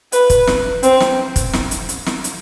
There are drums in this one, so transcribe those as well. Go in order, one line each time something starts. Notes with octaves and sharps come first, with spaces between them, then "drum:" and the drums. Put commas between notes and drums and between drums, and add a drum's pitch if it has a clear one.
B4, drum: hi-hat
drum: kick, hi-hat
drum: snare
C4, drum: hi-hat
drum: snare
drum: kick, hi-hat
drum: snare
drum: hi-hat
drum: hi-hat
drum: snare
drum: hi-hat